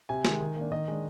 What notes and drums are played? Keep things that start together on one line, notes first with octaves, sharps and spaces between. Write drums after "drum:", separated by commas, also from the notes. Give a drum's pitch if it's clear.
C3 G#5
D#3 G#3, drum: snare
D#3
A#3 D4
D#3 D#5
G#3 D4